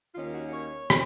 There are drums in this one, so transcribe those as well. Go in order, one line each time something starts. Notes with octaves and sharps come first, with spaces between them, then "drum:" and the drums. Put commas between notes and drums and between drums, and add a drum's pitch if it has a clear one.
D#2 D#3 A#3 C#4 F4
F#4
C#5
C4, drum: rim click